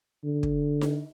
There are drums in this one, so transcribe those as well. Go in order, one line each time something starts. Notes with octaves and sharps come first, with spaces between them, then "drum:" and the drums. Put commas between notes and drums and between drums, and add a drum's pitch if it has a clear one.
D3
drum: kick
drum: snare D#4